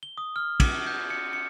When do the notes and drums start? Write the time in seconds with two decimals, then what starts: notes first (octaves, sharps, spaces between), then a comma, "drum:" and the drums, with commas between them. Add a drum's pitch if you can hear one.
0.03 G7
0.18 D#6
0.36 F6
0.60 D6, drum: kick, cymbal
0.87 G6
1.10 C#7
1.33 C#7